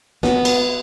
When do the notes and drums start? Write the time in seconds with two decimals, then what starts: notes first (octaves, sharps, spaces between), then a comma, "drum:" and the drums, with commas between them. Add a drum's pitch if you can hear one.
0.23 B3, drum: snare
0.45 drum: cymbal